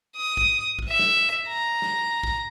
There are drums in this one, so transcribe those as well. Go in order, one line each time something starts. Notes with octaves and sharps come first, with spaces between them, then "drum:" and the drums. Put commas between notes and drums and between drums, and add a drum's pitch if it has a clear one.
D#6
drum: kick
drum: kick
E5
drum: snare
A#5
drum: snare
drum: kick